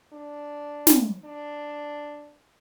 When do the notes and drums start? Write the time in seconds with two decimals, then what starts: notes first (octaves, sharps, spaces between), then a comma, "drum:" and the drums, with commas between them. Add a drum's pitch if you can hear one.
0.13 D4
0.87 drum: snare
1.25 D4